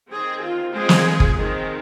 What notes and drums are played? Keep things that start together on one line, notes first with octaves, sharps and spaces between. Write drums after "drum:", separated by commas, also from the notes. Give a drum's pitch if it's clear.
D#3 C4 G#4
F4
F3 G#3 C4 G#4
drum: snare
drum: kick
D#3 G#3 C4